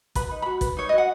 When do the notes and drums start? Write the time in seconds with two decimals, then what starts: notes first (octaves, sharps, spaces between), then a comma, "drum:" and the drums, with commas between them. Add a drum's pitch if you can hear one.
0.15 B4 B5, drum: kick, hi-hat
0.31 D#4
0.42 F#4 B5
0.61 B4, drum: kick, hi-hat
0.77 D#4 C#5
0.89 F#4 D#5
0.98 F#5